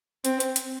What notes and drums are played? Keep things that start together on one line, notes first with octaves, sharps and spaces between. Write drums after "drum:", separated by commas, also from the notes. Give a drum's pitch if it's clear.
C4, drum: hi-hat
drum: hi-hat
drum: hi-hat